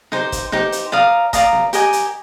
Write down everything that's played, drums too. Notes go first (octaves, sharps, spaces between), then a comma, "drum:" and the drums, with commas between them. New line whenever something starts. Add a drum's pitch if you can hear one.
D#4 G4 C5, drum: snare B3
drum: kick, hi-hat
D#4 G4 C5, drum: snare B3
drum: hi-hat
D5 F5 A#5 D#6, drum: snare B3
D5 F5 A#5 D#6, drum: kick, hi-hat
drum: snare B3
G4 A#4 D#5 G#5, drum: hi-hat
drum: hi-hat